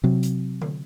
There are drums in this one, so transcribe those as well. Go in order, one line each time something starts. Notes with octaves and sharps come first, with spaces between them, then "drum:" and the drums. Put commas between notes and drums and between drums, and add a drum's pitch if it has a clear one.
C3 F#3
drum: hi-hat
drum: tom D3